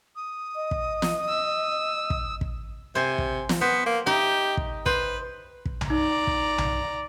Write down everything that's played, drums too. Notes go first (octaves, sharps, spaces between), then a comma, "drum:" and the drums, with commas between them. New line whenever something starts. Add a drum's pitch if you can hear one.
D#6
D#5
drum: kick
drum: snare
E6
drum: kick
drum: kick
C3 C5 G#5
drum: kick
drum: snare
B3 C5
A#3
D#4 G4
drum: kick
B4 C5, drum: kick
drum: kick
drum: tom B1
D#4 D5 A#5
drum: kick
drum: tom B1